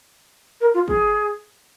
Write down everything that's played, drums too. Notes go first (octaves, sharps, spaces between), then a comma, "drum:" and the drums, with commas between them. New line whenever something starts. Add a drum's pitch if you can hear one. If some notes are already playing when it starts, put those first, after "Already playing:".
A#4
F4
G#4, drum: kick